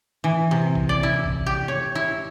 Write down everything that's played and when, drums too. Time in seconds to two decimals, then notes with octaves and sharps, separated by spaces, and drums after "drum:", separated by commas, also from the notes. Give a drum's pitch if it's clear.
0.24 E3
0.51 C3
0.75 drum: kick A1
0.89 D5
1.03 E4
1.24 drum: kick A1
1.46 G4
1.68 C#5
1.95 E4